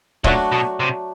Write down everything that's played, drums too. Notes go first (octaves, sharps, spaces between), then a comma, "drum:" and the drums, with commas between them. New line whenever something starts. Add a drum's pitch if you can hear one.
A#2 F#3 A3 D4 F#4, drum: kick
B2
C3